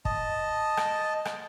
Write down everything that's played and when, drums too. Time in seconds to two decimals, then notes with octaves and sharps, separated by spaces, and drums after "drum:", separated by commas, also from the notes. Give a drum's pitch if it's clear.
0.05 D#5 A5, drum: kick
0.77 drum: rim click
1.25 drum: rim click